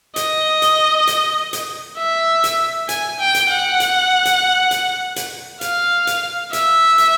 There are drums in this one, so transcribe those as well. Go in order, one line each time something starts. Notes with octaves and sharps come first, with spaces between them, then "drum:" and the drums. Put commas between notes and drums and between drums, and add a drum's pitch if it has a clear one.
D#5, drum: hi-hat
drum: hi-hat
drum: hi-hat
drum: hi-hat
E5
drum: hi-hat
G#5, drum: hi-hat
G5
drum: hi-hat
F#5
drum: hi-hat
drum: hi-hat
drum: hi-hat
drum: hi-hat
F5, drum: hi-hat
drum: hi-hat
E5, drum: hi-hat
drum: hi-hat